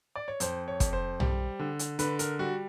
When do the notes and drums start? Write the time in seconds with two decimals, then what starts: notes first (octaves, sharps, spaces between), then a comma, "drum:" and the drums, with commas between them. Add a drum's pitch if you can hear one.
0.16 D5
0.28 C#5
0.40 F2 C5, drum: hi-hat
0.68 C#5
0.80 F2, drum: kick, hi-hat
0.93 C5
1.20 G3, drum: tom
1.59 D3
1.79 drum: hi-hat
1.99 D3 B4, drum: hi-hat
2.19 A#4, drum: hi-hat
2.39 G3 F#4